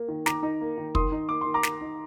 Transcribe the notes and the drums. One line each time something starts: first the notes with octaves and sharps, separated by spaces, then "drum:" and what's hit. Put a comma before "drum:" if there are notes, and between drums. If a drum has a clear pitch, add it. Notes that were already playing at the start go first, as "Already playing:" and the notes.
Already playing: A#3
D#3
D#3 A#5 D6, drum: snare
D#4
A#3
D#3
D#3 C6 D#6, drum: kick
D#4
A#3 D6
D#3 C6
A#5 D6
D#3, drum: snare
D#4